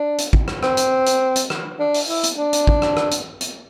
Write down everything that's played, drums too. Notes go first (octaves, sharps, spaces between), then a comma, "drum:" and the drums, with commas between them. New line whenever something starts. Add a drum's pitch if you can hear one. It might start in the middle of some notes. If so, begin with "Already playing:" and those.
Already playing: D4
drum: hi-hat
drum: kick
drum: rim click
C4, drum: rim click
drum: hi-hat
drum: hi-hat
drum: hi-hat
drum: rim click
D4
drum: open hi-hat
E4
drum: hi-hat
D4
drum: hi-hat
drum: kick
drum: rim click
drum: rim click
drum: hi-hat
drum: hi-hat